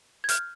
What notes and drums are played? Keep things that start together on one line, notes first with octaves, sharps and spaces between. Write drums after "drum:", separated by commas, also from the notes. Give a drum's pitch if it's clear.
G#6
F6 G6, drum: hi-hat